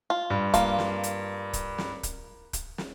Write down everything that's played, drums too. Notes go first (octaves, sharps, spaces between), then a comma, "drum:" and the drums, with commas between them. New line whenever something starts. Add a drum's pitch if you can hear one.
F4
G2
A#3 F4, drum: kick, hi-hat
drum: snare
drum: hi-hat
drum: kick, hi-hat
drum: snare
drum: kick, hi-hat
drum: kick, hi-hat
drum: snare